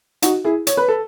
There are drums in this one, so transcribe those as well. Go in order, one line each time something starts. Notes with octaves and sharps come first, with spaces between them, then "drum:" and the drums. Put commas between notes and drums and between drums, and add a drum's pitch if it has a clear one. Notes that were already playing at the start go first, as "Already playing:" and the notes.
D#4 F#4, drum: hi-hat
E4 G#4
C#5, drum: hi-hat
B4
A4